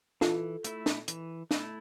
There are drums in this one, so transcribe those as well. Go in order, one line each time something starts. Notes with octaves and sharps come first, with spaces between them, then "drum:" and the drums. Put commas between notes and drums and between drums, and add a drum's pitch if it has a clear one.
E3 F4 A4, drum: snare
A3 E4, drum: hi-hat
drum: snare
E3, drum: hi-hat
A3 E4, drum: snare